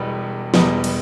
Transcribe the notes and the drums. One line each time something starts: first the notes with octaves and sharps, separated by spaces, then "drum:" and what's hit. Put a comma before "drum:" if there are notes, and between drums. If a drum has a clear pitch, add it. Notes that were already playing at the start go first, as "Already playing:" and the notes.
Already playing: E1 E2 B2 G3 B3
E1 E2 B2 G3 B3, drum: snare
drum: cymbal